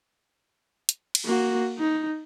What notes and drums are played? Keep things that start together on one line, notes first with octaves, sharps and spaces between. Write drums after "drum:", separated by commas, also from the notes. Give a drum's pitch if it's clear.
drum: hi-hat
drum: cymbal
A#3 F#4
D#4